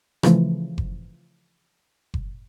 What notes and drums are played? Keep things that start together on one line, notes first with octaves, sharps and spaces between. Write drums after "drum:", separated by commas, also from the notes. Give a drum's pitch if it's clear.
C#3 E3 F3 A3, drum: rim click
drum: kick F#1
drum: kick F#1